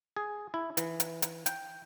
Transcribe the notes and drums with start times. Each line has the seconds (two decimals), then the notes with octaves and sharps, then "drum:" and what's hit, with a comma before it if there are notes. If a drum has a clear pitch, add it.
0.16 G#4
0.54 E4
0.77 E3, drum: hi-hat
1.00 drum: hi-hat
1.22 drum: hi-hat
1.46 G5, drum: hi-hat